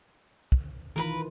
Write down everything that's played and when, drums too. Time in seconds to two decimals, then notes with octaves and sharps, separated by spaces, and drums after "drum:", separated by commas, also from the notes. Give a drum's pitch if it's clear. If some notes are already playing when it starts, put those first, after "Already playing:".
0.52 drum: kick
0.96 D#3 E3 F4 A#4 B4 B5